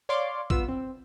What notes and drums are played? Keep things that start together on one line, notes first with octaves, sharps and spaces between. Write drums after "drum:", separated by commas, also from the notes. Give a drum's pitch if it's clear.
C#5 D5 F5 C6 D6
B3 F4 E6, drum: kick
C4